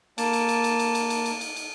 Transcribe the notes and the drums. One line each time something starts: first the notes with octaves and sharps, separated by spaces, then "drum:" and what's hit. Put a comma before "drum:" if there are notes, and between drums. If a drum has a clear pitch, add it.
A#3 A5, drum: cymbal
drum: cymbal
drum: cymbal
drum: cymbal
drum: cymbal
drum: cymbal
drum: cymbal
drum: cymbal
drum: cymbal
drum: cymbal